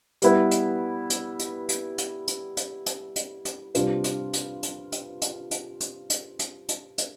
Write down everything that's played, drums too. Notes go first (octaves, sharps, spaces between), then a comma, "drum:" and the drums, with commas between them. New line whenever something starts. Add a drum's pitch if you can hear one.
G3 B3 E4 B4, drum: hi-hat
drum: hi-hat
drum: hi-hat
drum: hi-hat
drum: hi-hat
drum: hi-hat
drum: hi-hat
drum: hi-hat
drum: hi-hat
drum: hi-hat
drum: hi-hat
C3 G3 D4 F4 B4, drum: hi-hat
drum: hi-hat
drum: hi-hat
drum: hi-hat
drum: hi-hat
drum: hi-hat
drum: hi-hat
drum: hi-hat
drum: hi-hat
drum: hi-hat
drum: hi-hat
drum: hi-hat